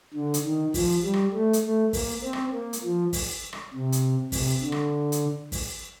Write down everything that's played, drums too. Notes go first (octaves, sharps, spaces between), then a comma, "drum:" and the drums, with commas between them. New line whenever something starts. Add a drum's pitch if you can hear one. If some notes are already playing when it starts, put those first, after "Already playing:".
D3
drum: hi-hat
D#3
F3, drum: kick, open hi-hat
G3
drum: rim click
A3
drum: hi-hat
A3
A#3, drum: kick, open hi-hat
C4
drum: rim click
A#3
drum: hi-hat
F3
drum: kick, open hi-hat
drum: rim click
C3
drum: hi-hat
C3, drum: kick, open hi-hat
D3
drum: rim click
drum: hi-hat
drum: kick, open hi-hat